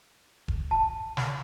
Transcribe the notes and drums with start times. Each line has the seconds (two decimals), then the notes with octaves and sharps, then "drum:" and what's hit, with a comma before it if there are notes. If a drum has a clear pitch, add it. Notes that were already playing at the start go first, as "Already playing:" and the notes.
0.48 drum: kick E1
0.71 A5
1.17 drum: snare